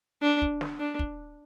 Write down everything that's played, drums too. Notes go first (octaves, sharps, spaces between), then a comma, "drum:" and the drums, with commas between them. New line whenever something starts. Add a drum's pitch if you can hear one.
D4
drum: kick
drum: snare
D4
drum: kick